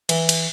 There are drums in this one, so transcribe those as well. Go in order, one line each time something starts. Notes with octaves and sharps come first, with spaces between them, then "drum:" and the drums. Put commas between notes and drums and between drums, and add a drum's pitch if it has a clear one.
E3, drum: cymbal
drum: cymbal